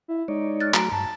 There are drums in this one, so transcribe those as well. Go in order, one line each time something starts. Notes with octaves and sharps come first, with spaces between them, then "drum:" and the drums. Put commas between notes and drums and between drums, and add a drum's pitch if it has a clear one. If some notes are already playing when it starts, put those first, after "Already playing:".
E4
G#3 D#4 C#5 D5
F6 F#6 A6
F#3 A3 F#4 A#5 D7, drum: clap
G2 A5